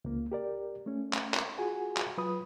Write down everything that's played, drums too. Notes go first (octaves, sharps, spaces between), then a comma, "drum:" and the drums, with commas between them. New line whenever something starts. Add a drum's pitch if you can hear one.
C#2 A#3
G4 A#4 D5
A3 C#4
drum: clap
drum: clap
F4 F#4 G#4 F#5 G#5
drum: clap
F#3 F4 B4 B5 D#6